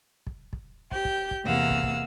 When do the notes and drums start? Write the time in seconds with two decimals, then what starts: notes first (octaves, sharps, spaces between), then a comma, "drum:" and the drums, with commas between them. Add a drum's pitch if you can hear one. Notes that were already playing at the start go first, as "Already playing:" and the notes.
0.27 drum: kick
0.53 drum: kick
0.91 G4 G6, drum: kick
1.05 drum: kick
1.31 drum: kick
1.44 E2 C3 A#3 F5 F#5 E6
1.70 drum: kick
1.83 drum: kick